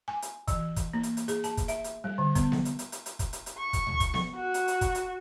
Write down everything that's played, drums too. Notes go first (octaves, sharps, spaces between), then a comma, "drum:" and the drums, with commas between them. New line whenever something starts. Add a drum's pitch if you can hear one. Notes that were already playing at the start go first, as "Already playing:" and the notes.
G#5
drum: hi-hat
E3, drum: kick, hi-hat
drum: kick, hi-hat
A#3
drum: hi-hat
drum: hi-hat
G#4, drum: hi-hat
A5, drum: hi-hat
drum: kick, hi-hat
E5, drum: hi-hat
drum: hi-hat
G3
D3
B3, drum: kick, hi-hat
drum: snare B3
drum: hi-hat
drum: hi-hat
drum: hi-hat
drum: hi-hat
drum: kick, hi-hat
drum: hi-hat
drum: hi-hat
C#6
drum: kick, hi-hat
drum: tom C#2
drum: kick, hi-hat
drum: snare B3
F#4
drum: hi-hat
drum: hi-hat
drum: kick, hi-hat
drum: hi-hat